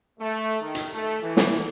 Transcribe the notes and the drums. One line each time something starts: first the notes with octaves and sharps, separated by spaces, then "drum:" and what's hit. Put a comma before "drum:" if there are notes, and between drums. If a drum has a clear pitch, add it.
A3
D#3
drum: hi-hat
A3
E3
drum: snare